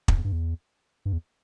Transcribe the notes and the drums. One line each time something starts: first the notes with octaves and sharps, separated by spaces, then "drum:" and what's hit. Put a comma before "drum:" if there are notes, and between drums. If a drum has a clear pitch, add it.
G2, drum: kick
E2
G2
E2
G2
E2